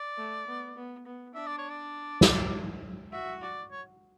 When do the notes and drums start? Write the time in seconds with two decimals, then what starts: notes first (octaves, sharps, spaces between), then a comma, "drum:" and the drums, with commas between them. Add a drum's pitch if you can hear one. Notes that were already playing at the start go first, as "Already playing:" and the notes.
Already playing: D5
0.17 A3
0.47 B3
0.76 B3
1.06 B3
1.35 D4 E5
1.47 D5
1.58 C#5
1.70 D5
2.21 drum: snare
3.12 F#4 E5
3.42 D5
3.71 C#5